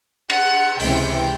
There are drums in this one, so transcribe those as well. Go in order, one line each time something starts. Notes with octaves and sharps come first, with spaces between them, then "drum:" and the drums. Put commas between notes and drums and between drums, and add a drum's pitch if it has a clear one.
F#5, drum: cymbal
C#2 C3 E3 G5, drum: open hi-hat